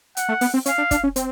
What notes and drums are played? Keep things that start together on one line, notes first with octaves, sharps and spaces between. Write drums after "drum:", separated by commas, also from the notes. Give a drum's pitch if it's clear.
F#5, drum: hi-hat
A3
B3, drum: open hi-hat
C4
C#4 F5, drum: hi-hat
D4
D4, drum: kick, hi-hat
C#4
C4, drum: hi-hat